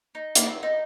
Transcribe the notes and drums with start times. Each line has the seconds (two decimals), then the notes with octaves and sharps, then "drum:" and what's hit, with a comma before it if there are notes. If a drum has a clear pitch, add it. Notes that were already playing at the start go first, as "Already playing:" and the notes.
0.15 D#4
0.35 A#3, drum: hi-hat
0.49 C4
0.63 D#4